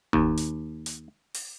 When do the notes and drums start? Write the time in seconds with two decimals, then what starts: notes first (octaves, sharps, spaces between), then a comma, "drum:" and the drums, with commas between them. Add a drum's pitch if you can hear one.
0.13 D#2, drum: kick F#1
0.37 drum: hi-hat
0.86 drum: hi-hat
1.34 drum: open hi-hat